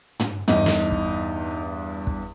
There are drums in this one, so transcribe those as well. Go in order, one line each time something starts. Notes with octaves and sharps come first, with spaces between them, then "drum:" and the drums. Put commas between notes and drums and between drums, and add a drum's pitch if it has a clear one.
drum: tom
E2 G2 D#4, drum: tom
drum: snare
drum: kick
drum: kick